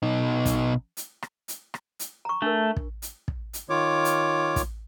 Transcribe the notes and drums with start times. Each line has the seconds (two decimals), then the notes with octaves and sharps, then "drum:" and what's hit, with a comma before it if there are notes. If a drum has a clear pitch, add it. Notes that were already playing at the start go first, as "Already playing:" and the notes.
0.03 B2 D#4
0.45 drum: kick, hi-hat
0.97 drum: hi-hat
1.22 drum: rim click
1.48 drum: hi-hat
1.74 drum: rim click
1.99 drum: hi-hat
2.25 A#5 C#6
2.42 A3 D4 A#4
2.76 drum: kick
3.02 drum: hi-hat
3.28 drum: kick
3.53 drum: hi-hat
3.70 D#3 F4 C#5 D6
4.05 drum: hi-hat
4.56 drum: kick, hi-hat